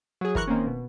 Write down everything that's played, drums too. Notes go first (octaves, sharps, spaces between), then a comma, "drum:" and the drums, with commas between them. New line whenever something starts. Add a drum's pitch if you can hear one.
F#3 G#4
E3 A#4 C#6 F#6 C#7, drum: kick
D#3 A#3 C4 C#4
B2